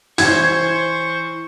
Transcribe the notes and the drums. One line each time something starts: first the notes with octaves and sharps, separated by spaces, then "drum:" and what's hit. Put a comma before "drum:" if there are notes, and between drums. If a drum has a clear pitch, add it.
E3 C5 C#6 G#6, drum: open hi-hat